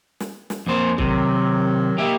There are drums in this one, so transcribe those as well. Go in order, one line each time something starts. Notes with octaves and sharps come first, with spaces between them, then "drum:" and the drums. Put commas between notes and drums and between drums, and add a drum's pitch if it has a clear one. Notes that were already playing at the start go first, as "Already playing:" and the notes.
drum: snare
drum: snare
F2 A#3 C5
C3 D#3 F#3, drum: kick
A#3 G4 E5